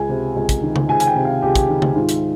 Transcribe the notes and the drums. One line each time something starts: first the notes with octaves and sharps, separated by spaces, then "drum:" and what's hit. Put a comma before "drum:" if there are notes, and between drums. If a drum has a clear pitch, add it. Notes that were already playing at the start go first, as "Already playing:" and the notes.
Already playing: C#2 G#5
C3
C#2
drum: kick, hi-hat
D#3
drum: tom C#3
C#2 G#5
G#5, drum: hi-hat
G5
C3
F5
C#2 G4
drum: kick, hi-hat
D#3
drum: tom C#3
G#2 F4
drum: hi-hat